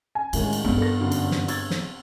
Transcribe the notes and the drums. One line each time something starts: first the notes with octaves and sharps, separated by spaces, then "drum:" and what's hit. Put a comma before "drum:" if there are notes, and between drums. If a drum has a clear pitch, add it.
G#5
A2 D#3 G#3 C#4, drum: cymbal
drum: cymbal
G2 B3 C4
A4 A#4 A#6
F#2 D3
drum: cymbal
drum: snare
E6 G#6 A6, drum: cymbal
drum: snare